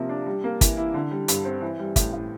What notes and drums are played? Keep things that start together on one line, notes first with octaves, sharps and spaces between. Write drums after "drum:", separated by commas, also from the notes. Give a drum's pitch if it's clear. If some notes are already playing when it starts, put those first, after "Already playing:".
Already playing: C3 F3 A#3
D4
G3
A#3
E3, drum: kick, hi-hat
E4
D3
G3
G2, drum: hi-hat
C4
E3
G3
A2, drum: kick, hi-hat
A2